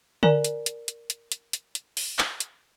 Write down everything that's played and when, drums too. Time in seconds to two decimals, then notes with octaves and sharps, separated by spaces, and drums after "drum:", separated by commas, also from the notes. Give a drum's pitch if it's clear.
0.23 A#4 D5 G#5 A#5, drum: tom D3
0.44 drum: hi-hat
0.66 drum: hi-hat
0.88 drum: hi-hat
1.10 drum: hi-hat
1.32 drum: hi-hat
1.53 drum: hi-hat
1.75 drum: hi-hat
1.97 drum: open hi-hat
2.19 drum: clap
2.40 drum: hi-hat